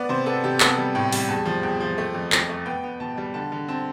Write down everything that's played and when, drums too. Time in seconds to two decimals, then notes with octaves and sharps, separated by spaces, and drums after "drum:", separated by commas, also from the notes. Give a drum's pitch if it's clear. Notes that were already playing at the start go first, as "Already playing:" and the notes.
Already playing: B3 D5
0.09 C3 C5
0.26 B3 A4
0.44 C3 G4
0.60 B3 A4, drum: clap
0.78 G3
0.95 A2 G5
1.12 G3, drum: open hi-hat
1.29 E2 A5
1.46 F3
1.63 E2 G5
1.80 F3
1.98 A3
2.14 F2
2.32 F2, drum: clap
2.49 A3
2.66 B3 G5
2.84 B3
3.00 B2 A5
3.17 G3
3.34 D3 A5
3.52 D3
3.68 C4 A5